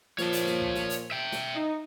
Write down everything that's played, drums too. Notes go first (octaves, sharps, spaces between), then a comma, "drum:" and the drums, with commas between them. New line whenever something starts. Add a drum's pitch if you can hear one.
A#2 F3 C#5 A5, drum: snare
drum: hi-hat
drum: snare
drum: kick
drum: snare
drum: hi-hat
E5 G5
drum: snare
D#4